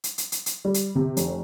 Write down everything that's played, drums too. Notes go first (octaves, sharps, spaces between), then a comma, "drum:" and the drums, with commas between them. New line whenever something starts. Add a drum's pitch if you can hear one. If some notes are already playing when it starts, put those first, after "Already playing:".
drum: hi-hat
drum: hi-hat
drum: hi-hat
drum: hi-hat
G3
drum: hi-hat
C3
F1, drum: hi-hat